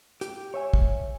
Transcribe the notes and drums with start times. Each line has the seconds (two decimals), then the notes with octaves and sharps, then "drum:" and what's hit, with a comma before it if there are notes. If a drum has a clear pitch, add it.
0.21 G4, drum: hi-hat
0.54 C#5 E5 G#5
0.74 drum: kick